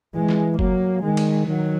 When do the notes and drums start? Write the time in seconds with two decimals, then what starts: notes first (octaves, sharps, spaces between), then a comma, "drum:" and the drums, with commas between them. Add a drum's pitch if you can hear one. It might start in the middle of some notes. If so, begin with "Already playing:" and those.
0.15 E3 G#3
0.29 drum: snare
0.59 F#3 A#3, drum: kick F#1
1.03 D#3 G#3
1.17 drum: cymbal
1.47 D#3 F#3